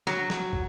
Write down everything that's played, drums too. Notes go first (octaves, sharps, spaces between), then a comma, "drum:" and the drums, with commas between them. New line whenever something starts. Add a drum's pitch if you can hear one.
F#3, drum: snare
drum: snare
drum: kick